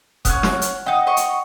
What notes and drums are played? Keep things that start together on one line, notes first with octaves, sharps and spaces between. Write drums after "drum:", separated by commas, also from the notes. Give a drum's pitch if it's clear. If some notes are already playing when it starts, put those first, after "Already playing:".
B3 C#4 F#5 F6 F#6, drum: kick F1, hi-hat
drum: snare
drum: hi-hat
D#4 D#5 F#5 G5
D#5 C#6
drum: hi-hat